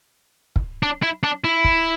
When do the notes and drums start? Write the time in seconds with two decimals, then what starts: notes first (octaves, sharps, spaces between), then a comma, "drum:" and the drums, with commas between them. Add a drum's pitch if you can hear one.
0.56 drum: kick
0.83 D4
1.03 E4
1.24 D4
1.44 E4
1.64 drum: kick